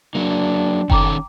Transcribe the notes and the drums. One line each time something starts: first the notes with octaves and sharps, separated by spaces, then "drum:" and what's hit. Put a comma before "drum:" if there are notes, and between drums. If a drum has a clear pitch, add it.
F#3 A#3 D4
D#3 C#4 A4 G5 A#5 D6, drum: kick F#1